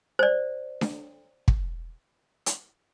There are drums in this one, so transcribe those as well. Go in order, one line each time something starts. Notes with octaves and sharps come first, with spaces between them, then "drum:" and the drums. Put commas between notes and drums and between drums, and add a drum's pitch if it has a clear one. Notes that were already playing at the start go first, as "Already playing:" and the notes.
C5 D5
drum: snare D4
drum: kick
drum: hi-hat